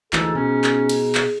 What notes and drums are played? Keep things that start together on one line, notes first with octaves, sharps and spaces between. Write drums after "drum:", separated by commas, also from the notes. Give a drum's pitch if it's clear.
D2 G#2 E3 A4, drum: clap
B2 C#4
drum: clap
drum: cymbal
drum: clap